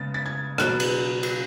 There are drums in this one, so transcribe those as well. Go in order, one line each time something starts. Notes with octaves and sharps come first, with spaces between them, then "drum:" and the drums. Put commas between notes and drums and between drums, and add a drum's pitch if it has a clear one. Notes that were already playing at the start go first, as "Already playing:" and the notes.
Already playing: C#3 G#3 B3 A6
A6
G#6
B2 F#3 B3 F#6, drum: rim click
drum: cymbal
drum: cymbal